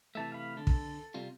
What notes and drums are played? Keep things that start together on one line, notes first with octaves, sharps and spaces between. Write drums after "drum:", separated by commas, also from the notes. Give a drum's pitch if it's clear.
C3 E3 A3 E5 A5
F5 B5
D3 A4
drum: kick
C3 G3 F4